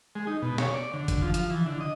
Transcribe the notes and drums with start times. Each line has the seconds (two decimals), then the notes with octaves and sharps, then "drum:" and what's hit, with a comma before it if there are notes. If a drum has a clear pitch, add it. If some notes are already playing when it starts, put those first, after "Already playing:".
0.15 G#3
0.27 D#4
0.42 B2
0.58 C#5, drum: snare
0.74 D5
0.94 D3
1.08 drum: kick, hi-hat
1.22 F3
1.34 F3, drum: hi-hat
1.50 E3
1.66 D3
1.80 D#5